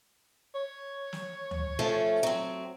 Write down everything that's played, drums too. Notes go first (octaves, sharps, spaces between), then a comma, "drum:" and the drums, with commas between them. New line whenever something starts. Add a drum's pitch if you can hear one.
C#5
drum: snare
drum: tom D2
F3 A3 C#4
F#3 C4